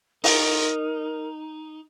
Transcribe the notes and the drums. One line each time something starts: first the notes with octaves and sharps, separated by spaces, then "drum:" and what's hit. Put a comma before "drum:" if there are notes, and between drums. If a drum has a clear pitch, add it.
D#4 A#4, drum: open hi-hat